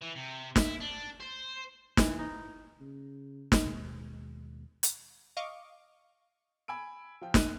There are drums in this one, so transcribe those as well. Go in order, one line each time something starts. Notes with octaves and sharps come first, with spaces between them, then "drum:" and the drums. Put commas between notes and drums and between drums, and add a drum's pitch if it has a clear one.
E3
C3
E4, drum: snare
D4
C5
E3, drum: snare
D#4
C#3
drum: snare
D#2 B2 G#3
drum: hi-hat
D#5 F5 C#6 D6
G#5 B5 E6 D7
F3 F4 G5
A#1 F#6 D#7, drum: snare